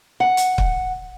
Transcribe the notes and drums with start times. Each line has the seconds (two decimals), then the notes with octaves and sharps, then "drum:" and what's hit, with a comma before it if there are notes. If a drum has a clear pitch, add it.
0.20 F#5
0.37 drum: hi-hat
0.58 drum: kick